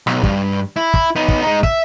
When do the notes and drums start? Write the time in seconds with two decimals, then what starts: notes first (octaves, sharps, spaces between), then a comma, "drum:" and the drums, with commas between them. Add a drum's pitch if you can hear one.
0.07 B1, drum: rim click
0.23 G2, drum: kick
0.76 E4
0.94 drum: kick
1.16 B3 D#4
1.28 drum: kick
1.42 G#3 D#4
1.63 E5, drum: kick